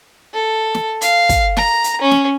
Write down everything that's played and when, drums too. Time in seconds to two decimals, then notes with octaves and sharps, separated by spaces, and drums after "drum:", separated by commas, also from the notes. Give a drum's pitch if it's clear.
0.34 A4
0.74 drum: snare
1.01 F5, drum: hi-hat
1.29 drum: kick, hi-hat
1.57 A#5, drum: snare
1.84 drum: hi-hat
2.01 C#4
2.11 drum: snare